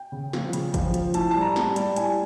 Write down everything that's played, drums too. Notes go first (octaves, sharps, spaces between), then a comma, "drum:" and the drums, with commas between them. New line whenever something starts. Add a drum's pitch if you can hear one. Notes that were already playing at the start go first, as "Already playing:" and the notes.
Already playing: G5
C#3
F3, drum: snare
C#3, drum: hi-hat
F3, drum: kick, hi-hat
F3, drum: hi-hat
A2 A5, drum: hi-hat
G3 A5
A#5
G3, drum: snare
A5
G3, drum: hi-hat
A2 G#5, drum: hi-hat